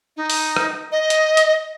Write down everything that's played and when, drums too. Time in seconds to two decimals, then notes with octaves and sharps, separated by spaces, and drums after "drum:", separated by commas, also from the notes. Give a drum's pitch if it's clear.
0.16 D#4
0.30 drum: open hi-hat
0.56 drum: rim click
0.91 D#5
1.10 drum: hi-hat
1.37 drum: hi-hat